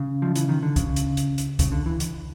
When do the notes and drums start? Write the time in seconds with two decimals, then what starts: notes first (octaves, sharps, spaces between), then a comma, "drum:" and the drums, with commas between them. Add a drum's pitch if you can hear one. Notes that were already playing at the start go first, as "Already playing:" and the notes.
Already playing: C#3
0.22 F3
0.35 E3, drum: hi-hat
0.49 D#3
0.63 D3
0.76 C#3, drum: kick, hi-hat
0.96 drum: hi-hat
1.17 drum: hi-hat
1.38 drum: hi-hat
1.59 C#3, drum: kick, hi-hat
1.72 D3
1.86 E3
2.00 drum: hi-hat